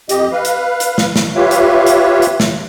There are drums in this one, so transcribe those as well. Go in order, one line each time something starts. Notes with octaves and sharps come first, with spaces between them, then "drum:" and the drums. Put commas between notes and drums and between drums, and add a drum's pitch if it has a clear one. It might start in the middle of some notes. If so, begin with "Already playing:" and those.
F2 G4 D#5, drum: hi-hat
B4 F5
drum: hi-hat
drum: hi-hat
drum: snare
drum: snare
F4 G4 B4 C#5 E5 F5
drum: hi-hat
drum: hi-hat
drum: hi-hat
drum: snare